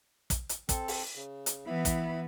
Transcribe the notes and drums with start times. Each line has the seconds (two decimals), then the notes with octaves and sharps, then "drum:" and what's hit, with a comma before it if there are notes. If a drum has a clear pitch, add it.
0.30 drum: kick, hi-hat
0.49 drum: hi-hat
0.69 C4 A4, drum: kick, hi-hat
0.88 drum: open hi-hat
1.16 C#3
1.46 drum: hi-hat
1.66 E3 B3 E4 B5
1.85 drum: kick, hi-hat